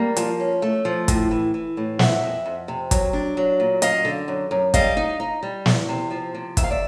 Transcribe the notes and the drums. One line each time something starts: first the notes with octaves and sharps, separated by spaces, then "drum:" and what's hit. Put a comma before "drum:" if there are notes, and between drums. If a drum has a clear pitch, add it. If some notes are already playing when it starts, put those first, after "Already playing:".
Already playing: G3 A#3
F3, drum: hi-hat
C#4
A3
F3
A2, drum: kick, hi-hat
E3
E3
A2
F2 E5 F#5, drum: snare
F2
F2
C3
F#3, drum: kick, hi-hat
D4
F#3
A#2
F#2 D#5 F5, drum: hi-hat
D3
F#2
F#2
G3 D#5 F5, drum: kick, hi-hat
D#4
D#4
G3
E2, drum: snare
C3
F3
C3
D#3 E5, drum: kick, hi-hat
F5
D5 E5